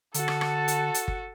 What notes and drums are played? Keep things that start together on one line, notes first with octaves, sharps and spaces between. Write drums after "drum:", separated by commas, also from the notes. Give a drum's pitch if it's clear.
D3 F#4 A4 A5, drum: hi-hat
drum: rim click
drum: rim click
drum: hi-hat
drum: hi-hat
drum: kick G1